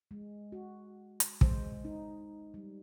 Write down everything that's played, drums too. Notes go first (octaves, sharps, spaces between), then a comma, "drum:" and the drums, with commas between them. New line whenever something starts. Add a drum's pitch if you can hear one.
G#3
F#4
drum: hi-hat
G#3 C5, drum: kick
D#4
G3